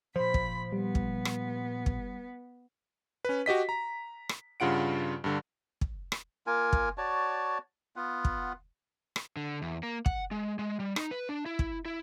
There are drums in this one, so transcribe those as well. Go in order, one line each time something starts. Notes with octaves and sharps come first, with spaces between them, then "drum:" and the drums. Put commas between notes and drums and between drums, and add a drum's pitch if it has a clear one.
A#2 F3 C5 B5
drum: kick
G3 B3
drum: kick
drum: rim click
drum: kick
C#4 B4
F#4 G4 D#5 B6
A#5
drum: rim click
G2 C#3 F4 F#5 D7
G2 D3
drum: kick
drum: rim click
A#3 F4 A#4 G#5
drum: kick
F#4 C#5 D5 A5
B3 F4 F#5
drum: kick
drum: rim click
D3
E2
A#3
F#5, drum: kick
G#3
G#3
G3
D#4, drum: rim click
B4
D4
E4
drum: kick
E4